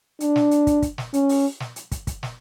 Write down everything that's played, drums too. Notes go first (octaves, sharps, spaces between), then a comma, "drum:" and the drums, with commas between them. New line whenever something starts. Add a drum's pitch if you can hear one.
D4, drum: hi-hat
drum: snare
drum: hi-hat
drum: kick, hi-hat
drum: kick, hi-hat
drum: snare
C#4, drum: hi-hat
drum: open hi-hat
drum: snare
drum: hi-hat
drum: kick, hi-hat
drum: kick, hi-hat
drum: snare